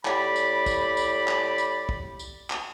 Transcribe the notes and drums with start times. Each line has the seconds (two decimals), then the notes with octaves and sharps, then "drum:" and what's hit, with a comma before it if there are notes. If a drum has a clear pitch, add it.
0.05 A2 G4 D5 B5, drum: clap
0.36 drum: tambourine
0.66 drum: kick, tambourine
0.97 drum: tambourine
1.28 drum: clap
1.58 drum: tambourine
1.89 drum: kick
2.19 drum: tambourine
2.50 drum: clap